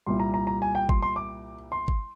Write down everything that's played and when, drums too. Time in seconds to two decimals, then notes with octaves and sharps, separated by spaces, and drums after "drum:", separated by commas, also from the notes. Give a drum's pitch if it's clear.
0.06 C2 A#2 G3 C6
0.20 A#5
0.34 A#5
0.47 A#5
0.62 G#5
0.75 G5
0.89 C6, drum: kick
1.02 C6
1.16 D6
1.72 C6
1.88 drum: kick